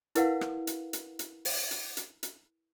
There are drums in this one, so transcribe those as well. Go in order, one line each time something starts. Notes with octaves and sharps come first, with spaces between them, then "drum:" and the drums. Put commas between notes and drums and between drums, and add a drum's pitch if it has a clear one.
E4 A#4 B4 F5 F#5, drum: hi-hat
drum: rim click
drum: hi-hat
drum: hi-hat
drum: hi-hat
drum: open hi-hat
drum: hi-hat
drum: hi-hat
drum: hi-hat